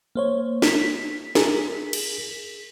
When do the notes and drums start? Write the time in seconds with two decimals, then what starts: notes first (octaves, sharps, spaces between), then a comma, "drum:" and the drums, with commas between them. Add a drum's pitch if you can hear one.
0.16 A#3 C5 C#5
0.62 B6, drum: snare
1.35 G#4 A#4, drum: snare
1.93 drum: cymbal